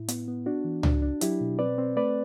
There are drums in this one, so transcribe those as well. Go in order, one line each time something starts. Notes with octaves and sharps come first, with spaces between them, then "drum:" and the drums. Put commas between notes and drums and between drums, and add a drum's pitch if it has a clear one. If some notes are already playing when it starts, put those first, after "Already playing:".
Already playing: A2 E4
B3, drum: hi-hat
B3
D4 F#4
E3
D4, drum: tom C#2
D4
F#3 E4 G4, drum: hi-hat
B2
C4 B4 D5
C4
A3 B4 D5